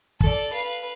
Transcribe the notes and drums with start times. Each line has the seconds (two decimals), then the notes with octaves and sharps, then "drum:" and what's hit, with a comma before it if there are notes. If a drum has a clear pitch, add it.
0.21 A4 D5, drum: kick
0.53 B4 F5